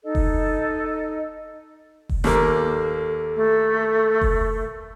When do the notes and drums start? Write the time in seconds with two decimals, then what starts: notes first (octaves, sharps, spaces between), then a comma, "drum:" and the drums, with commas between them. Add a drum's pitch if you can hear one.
0.05 D#4 A4 D#5
0.15 drum: kick F1
2.09 drum: kick F1
2.24 D#2 A#3 A4, drum: snare
3.36 A3
4.21 drum: kick F1